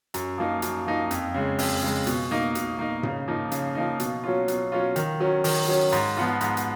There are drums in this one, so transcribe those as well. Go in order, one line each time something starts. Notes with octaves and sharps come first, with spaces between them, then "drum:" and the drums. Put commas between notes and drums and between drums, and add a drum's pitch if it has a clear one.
F#2, drum: hi-hat
F3 A#3 D#4
F#2, drum: hi-hat
F3 A#3 D#4
F2, drum: hi-hat
C#3 G#3
F2, drum: open hi-hat
C#3 G#3
B2, drum: hi-hat
A#3 D#4
B2, drum: hi-hat
A#3 D#4
C#3, drum: tom G#2
F3 A#3 D#4
C#3, drum: hi-hat
F3 A#3 D#4
B2, drum: hi-hat
F#3 C#4 F4
B2, drum: hi-hat
F#3 C#4 F4
D#3, drum: hi-hat
F#3 C#4
D#3, drum: open hi-hat
F#3 C#4
G#2, drum: hi-hat
F3 B3 F4
G#2, drum: hi-hat
drum: hi-hat